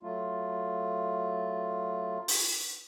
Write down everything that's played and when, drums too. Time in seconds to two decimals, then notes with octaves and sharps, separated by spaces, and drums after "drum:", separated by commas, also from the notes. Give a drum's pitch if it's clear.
0.03 F#3 A3 F4
2.28 drum: open hi-hat